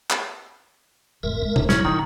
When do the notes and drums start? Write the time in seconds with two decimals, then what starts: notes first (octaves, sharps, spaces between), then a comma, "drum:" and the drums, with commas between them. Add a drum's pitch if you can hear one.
0.10 drum: clap
1.23 A1 F2 A2 A#4 E5
1.42 G#3
1.56 D#1, drum: tom C3
1.69 F2 A#2 F#3 C#4 E4, drum: snare
1.85 A#1 D#3